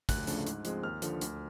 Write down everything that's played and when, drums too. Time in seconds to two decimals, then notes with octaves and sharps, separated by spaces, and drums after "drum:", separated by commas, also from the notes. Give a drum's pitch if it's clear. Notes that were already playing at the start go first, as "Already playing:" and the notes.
0.09 D2 F#6, drum: kick, hi-hat
0.27 C#3 F3 A3 D4, drum: hi-hat
0.47 G#2, drum: hi-hat
0.65 F3 G#3 C4, drum: hi-hat
0.83 D#2 F6
1.02 D3 F3, drum: hi-hat
1.21 D2, drum: hi-hat